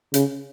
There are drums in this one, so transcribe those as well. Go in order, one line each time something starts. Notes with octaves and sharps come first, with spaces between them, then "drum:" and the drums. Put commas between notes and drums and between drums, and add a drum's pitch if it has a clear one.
C#3, drum: hi-hat